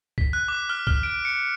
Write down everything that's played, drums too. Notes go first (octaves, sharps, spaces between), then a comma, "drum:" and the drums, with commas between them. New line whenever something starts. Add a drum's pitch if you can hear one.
B6, drum: kick
F#6
D6
F6
F6, drum: kick
D7
C#7